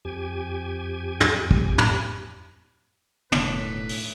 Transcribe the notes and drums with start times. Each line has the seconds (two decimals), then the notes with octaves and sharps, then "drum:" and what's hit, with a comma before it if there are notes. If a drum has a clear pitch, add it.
0.05 F2 G4 G#5
1.20 drum: tom
1.51 drum: kick
1.78 drum: tom
3.32 E1 A2 D#3 F#3 D4 B4, drum: tom
3.89 drum: open hi-hat